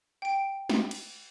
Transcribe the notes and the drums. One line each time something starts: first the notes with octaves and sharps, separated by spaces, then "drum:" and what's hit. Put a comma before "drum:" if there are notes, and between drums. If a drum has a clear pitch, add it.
G5 D7
drum: snare
drum: cymbal